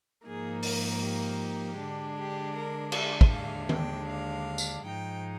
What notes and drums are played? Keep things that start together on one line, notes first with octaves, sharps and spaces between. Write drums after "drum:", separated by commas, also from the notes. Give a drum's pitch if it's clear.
G#2 F3 A#3 D#4 G#4
A#4, drum: open hi-hat
G4
D3 G#3 D4
G4
A#4
D5, drum: cymbal
drum: kick
D#2 D3 G#3 D4 F5
G5, drum: tom D#3
F5
drum: tambourine
G#2 F3 G#3 D#4 G5